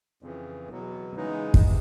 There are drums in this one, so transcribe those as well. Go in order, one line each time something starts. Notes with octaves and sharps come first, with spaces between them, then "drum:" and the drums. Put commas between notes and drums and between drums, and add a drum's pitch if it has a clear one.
F2 C#3 E3
E2 B2 F#3 B3
C#3 E3 G#3 B3 D#4
drum: kick
C3